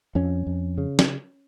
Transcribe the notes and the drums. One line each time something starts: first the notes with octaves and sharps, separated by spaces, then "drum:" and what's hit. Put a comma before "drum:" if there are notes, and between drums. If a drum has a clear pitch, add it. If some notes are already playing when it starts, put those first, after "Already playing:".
F2 C#4
F2
C#3
drum: snare